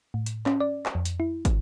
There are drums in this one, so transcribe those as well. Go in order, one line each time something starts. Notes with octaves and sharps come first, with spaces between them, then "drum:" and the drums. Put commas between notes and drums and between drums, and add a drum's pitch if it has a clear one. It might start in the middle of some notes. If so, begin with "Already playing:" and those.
A2
drum: hi-hat
C#4, drum: clap
D5
drum: clap
F2
drum: hi-hat
E4
drum: kick, hi-hat